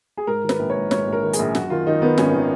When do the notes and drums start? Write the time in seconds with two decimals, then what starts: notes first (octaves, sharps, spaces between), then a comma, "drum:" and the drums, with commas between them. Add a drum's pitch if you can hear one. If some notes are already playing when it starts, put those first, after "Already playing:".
0.17 G#4
0.27 G#2 A#4
0.44 D#3
0.49 B4, drum: snare
0.59 A#1
0.70 C#5
0.75 G#2
0.91 G#2 C#5, drum: snare
1.07 A#1
1.13 A#4
1.23 D#3
1.33 G#4, drum: hi-hat
1.39 A#1
1.55 F#2 F#4, drum: snare
1.70 D#3 F4
1.87 D#3 D#4
2.02 D#3 B3
2.18 G#1 C#4, drum: snare
2.34 D#3